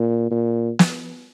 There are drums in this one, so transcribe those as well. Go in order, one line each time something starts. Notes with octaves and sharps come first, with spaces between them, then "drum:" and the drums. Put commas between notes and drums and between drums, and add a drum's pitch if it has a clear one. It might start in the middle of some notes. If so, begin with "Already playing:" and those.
Already playing: A#2
A#2
drum: snare